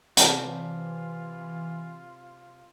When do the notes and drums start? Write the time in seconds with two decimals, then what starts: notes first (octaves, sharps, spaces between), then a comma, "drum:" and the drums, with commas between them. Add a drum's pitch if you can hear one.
0.17 C3 E3 F4 C#5 D5 A5, drum: hi-hat